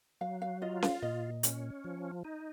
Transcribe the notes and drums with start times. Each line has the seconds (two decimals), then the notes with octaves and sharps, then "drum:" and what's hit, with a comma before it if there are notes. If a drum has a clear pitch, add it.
0.21 F#3 F5
0.42 F5
0.62 F4 D#5
0.82 F5, drum: snare C#4
1.02 A#2 D#5
1.43 C#4, drum: hi-hat
1.84 F3
2.25 D#4